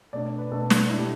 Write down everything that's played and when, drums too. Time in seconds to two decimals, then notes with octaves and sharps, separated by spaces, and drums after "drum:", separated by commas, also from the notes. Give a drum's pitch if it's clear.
0.13 B2 A3 D4 D5
0.26 D5
0.38 B4
0.52 B2 A3 D4 A4
0.70 drum: snare
0.89 B2 A3 D4 E4
0.98 G4